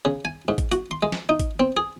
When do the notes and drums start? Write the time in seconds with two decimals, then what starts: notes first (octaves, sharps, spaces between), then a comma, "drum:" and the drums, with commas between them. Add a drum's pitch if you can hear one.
0.05 C#3
0.25 G#5
0.48 G#2
0.58 drum: kick, hi-hat
0.72 F#4, drum: hi-hat
0.91 C6
1.03 G#3
1.12 drum: snare
1.29 D#4
1.39 drum: kick, hi-hat
1.60 C4
1.77 G#4